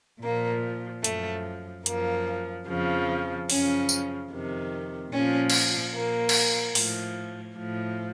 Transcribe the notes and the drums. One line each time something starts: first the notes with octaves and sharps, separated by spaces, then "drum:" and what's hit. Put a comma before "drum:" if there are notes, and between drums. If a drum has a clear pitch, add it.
A#2 F3 A#3
F#2 F3 A3, drum: hi-hat
F#2 F3 A#3, drum: hi-hat
F2 C#3 F3
F#2 C#3 F3 C#4, drum: open hi-hat
drum: tambourine
F2 C3 D#3
A#2 F3 C#4
drum: cymbal
A#2 F3 A#3
drum: cymbal
A2 F3, drum: open hi-hat
A2 F3